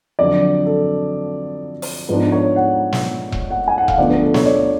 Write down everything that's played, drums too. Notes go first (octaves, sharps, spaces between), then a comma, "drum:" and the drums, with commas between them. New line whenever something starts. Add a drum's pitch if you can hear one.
F2 D3 F#3 D5
A4
drum: open hi-hat
G#2 F3 B3 D4 B4
C#5
F#5
drum: snare
drum: kick E1
F#5
G#5
F#5
F5, drum: kick E1
D2 D3 F3 B3 D5
B4
A4
C#5, drum: snare
D5